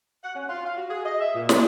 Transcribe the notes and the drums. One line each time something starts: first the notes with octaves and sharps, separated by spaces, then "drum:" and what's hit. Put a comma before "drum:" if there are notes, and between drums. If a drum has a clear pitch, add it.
F#5
C#4
F4
F5
F#4
G#4
D#5
E5
A#2
G#4, drum: snare